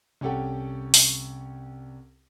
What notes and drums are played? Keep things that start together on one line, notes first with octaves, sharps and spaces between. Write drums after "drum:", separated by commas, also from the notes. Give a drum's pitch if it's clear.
C2 C#4 G4 A4 F#5 G5
drum: open hi-hat